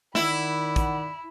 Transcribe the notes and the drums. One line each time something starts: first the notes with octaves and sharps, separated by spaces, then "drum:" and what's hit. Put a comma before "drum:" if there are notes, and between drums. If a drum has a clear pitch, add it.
D#3 E4 D5 F#5 B5, drum: snare
drum: kick, hi-hat